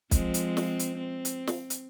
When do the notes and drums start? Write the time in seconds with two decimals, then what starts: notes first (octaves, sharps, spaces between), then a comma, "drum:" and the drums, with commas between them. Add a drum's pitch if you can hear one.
0.11 F3 G#3 C4, drum: kick B1, hi-hat
0.34 drum: hi-hat
0.57 drum: snare
0.79 drum: hi-hat
0.98 C4
1.25 drum: hi-hat
1.47 drum: snare
1.70 drum: hi-hat